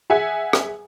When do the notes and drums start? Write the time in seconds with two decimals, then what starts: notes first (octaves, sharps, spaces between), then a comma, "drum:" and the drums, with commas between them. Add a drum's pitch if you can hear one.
0.10 G#4 E5 F#5 G#5
0.53 drum: rim click